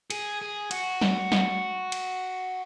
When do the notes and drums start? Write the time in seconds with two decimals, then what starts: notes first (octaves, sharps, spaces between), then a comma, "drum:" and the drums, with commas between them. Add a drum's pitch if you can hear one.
0.10 G#4, drum: cymbal
0.42 G#4
0.71 F#4, drum: cymbal
1.01 drum: snare
1.32 drum: snare
1.92 drum: cymbal